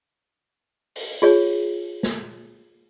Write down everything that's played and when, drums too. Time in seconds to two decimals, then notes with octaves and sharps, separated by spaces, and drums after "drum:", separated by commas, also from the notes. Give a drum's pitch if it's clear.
0.96 drum: open hi-hat
1.22 F4 G#4 C#5
2.03 drum: snare